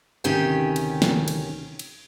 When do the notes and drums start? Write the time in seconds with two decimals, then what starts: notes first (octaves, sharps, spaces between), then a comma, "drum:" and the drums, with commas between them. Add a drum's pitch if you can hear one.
0.24 D2 C3 D#3 C#4 G4 G5
0.76 drum: cymbal
1.02 drum: snare
1.28 drum: cymbal
1.79 drum: cymbal